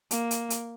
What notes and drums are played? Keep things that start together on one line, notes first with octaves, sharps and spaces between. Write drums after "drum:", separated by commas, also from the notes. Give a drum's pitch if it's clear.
A#3, drum: hi-hat
drum: hi-hat
drum: hi-hat